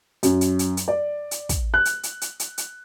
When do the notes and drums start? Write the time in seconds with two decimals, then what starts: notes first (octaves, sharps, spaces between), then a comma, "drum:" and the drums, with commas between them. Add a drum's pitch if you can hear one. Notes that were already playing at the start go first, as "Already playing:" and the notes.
0.23 F#2, drum: hi-hat
0.41 drum: hi-hat
0.59 drum: hi-hat
0.77 drum: hi-hat
0.88 D5
1.31 drum: hi-hat
1.49 drum: kick, hi-hat
1.74 F#6
1.85 drum: hi-hat
2.03 drum: hi-hat
2.21 drum: hi-hat
2.40 drum: hi-hat
2.58 drum: hi-hat